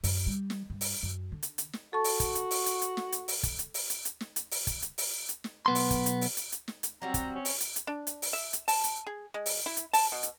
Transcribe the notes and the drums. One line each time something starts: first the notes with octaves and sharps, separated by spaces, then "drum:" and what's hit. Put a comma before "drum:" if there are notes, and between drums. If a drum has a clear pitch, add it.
F#2, drum: open hi-hat
G3
drum: snare
G2
drum: open hi-hat
F#2
D3
drum: hi-hat
drum: hi-hat
drum: snare
F#4 A4 A5 C#6
drum: open hi-hat
drum: kick, hi-hat
drum: hi-hat
drum: open hi-hat
drum: hi-hat
drum: hi-hat
drum: snare
drum: hi-hat
drum: open hi-hat
drum: kick, hi-hat
drum: hi-hat
drum: open hi-hat
drum: hi-hat
drum: hi-hat
drum: snare
drum: hi-hat
drum: open hi-hat
drum: kick, hi-hat
drum: hi-hat
drum: open hi-hat
drum: hi-hat
drum: snare
B1 B3 C6
drum: open hi-hat
drum: kick, hi-hat
drum: hi-hat
drum: open hi-hat
drum: hi-hat
drum: hi-hat
drum: snare
drum: hi-hat
F#3 G3 C4 F#4 A#5
drum: kick, hi-hat
C#4
drum: open hi-hat
drum: hi-hat
drum: hi-hat
D4
drum: hi-hat
drum: open hi-hat
E5
drum: hi-hat
A5, drum: open hi-hat
drum: hi-hat
G#4
G#3
drum: open hi-hat
E4
drum: hi-hat
A5, drum: open hi-hat
B2
drum: hi-hat